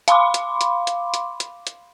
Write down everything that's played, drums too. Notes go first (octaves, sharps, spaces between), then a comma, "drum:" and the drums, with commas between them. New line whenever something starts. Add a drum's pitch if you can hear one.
F5 B5 C6 D6, drum: hi-hat
drum: hi-hat
drum: hi-hat
drum: hi-hat
drum: hi-hat
drum: hi-hat
drum: hi-hat